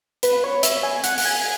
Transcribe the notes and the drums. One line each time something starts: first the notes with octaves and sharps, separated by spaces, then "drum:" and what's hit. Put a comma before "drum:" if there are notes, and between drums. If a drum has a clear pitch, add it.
B4, drum: hi-hat
C#5
E5, drum: hi-hat
G#5
F#5, drum: hi-hat
F#5, drum: open hi-hat
G#5
G#5